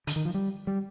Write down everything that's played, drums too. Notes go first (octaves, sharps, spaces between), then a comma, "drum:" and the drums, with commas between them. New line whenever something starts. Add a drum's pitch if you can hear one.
D3, drum: hi-hat
D#3
F3
G3
G3